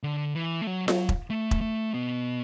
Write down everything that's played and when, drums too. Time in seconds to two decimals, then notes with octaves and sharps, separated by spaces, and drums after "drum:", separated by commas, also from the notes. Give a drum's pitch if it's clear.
0.03 D3
0.35 E3
0.61 A3
0.67 F#3
0.88 F#3, drum: snare F4
1.09 drum: kick E1
1.30 A3
1.51 drum: kick E1
1.61 A3
1.94 B2